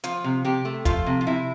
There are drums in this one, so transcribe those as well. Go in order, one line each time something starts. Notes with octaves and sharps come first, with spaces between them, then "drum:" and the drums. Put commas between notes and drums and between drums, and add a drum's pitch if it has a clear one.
F3 F4, drum: hi-hat
C3
C3 G4
A3
F3 F4, drum: kick, hi-hat
C3
F4
C3 E4